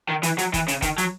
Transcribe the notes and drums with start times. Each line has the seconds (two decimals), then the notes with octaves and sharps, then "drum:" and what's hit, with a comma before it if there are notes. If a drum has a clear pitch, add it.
0.08 D#3
0.23 E3, drum: hi-hat
0.38 F#3, drum: hi-hat
0.54 E3, drum: kick, hi-hat
0.68 C#3, drum: hi-hat
0.82 D#3, drum: kick, hi-hat
0.98 F#3, drum: hi-hat